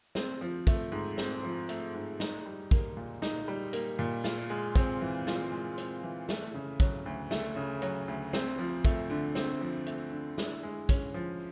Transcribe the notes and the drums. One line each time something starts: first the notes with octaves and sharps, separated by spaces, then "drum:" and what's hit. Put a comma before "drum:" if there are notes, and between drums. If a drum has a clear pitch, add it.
C4, drum: snare
F3
A3, drum: kick, hi-hat
G#2
C4, drum: snare
F3
A3, drum: hi-hat
G#2
D#4, drum: snare
G3
A#3, drum: kick, hi-hat
A#2
D#4, drum: snare
G3
A#3, drum: hi-hat
A#2
F4, drum: snare
G#3
C4, drum: kick, hi-hat
E3
F4, drum: snare
G#3
C4, drum: hi-hat
E3
A3, drum: snare
C#3
F#3, drum: kick, hi-hat
D2
A3, drum: snare
C#3
F#3, drum: hi-hat
D2
C4, drum: snare
F3
A3, drum: kick, hi-hat
D3
C4, drum: snare
F3
A3, drum: hi-hat
D3
E4, drum: snare
G#3
C#4, drum: kick, hi-hat
F3